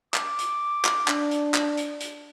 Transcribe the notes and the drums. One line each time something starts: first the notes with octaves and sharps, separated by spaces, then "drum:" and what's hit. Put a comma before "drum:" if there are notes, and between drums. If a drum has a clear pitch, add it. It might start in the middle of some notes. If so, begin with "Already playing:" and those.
D6, drum: clap
drum: hi-hat
drum: clap
D4, drum: clap
drum: hi-hat
drum: clap
drum: hi-hat
drum: hi-hat